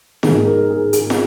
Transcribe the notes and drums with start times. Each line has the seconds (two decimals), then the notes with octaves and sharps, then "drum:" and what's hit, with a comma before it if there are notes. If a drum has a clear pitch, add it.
0.23 G#2 D#3 G#4, drum: snare
0.46 A#4
0.70 G#4
0.93 G#4, drum: hi-hat
1.10 drum: snare